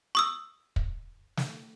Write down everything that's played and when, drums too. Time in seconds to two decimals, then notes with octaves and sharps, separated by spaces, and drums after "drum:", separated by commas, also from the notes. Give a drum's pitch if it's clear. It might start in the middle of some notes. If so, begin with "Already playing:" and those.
0.15 C#6 D#6 E6
0.76 drum: kick
1.37 drum: snare